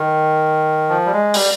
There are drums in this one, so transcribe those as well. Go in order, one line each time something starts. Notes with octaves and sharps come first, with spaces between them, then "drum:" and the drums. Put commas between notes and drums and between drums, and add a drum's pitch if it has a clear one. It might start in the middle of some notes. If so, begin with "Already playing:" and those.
Already playing: D#3
F3
G3
G#3
G3, drum: open hi-hat